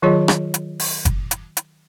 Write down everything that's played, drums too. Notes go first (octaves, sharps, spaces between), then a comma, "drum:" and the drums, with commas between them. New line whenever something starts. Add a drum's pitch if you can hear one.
D#3 F#3 F4 G#4 C#5 D#5
drum: rim click
drum: hi-hat
drum: open hi-hat
drum: kick F#1, hi-hat
drum: hi-hat
drum: hi-hat